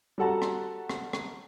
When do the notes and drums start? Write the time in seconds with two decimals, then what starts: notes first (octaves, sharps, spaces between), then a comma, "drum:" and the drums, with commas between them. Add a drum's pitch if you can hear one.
0.18 G3 F#4 A4 F#5 A5 A#5
0.42 drum: rim click
0.89 drum: rim click
1.13 drum: rim click